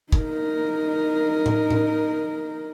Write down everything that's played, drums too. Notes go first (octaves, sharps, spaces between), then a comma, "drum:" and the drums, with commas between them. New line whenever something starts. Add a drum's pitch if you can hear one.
D#4 A#4, drum: kick
drum: tom A2
drum: tom A2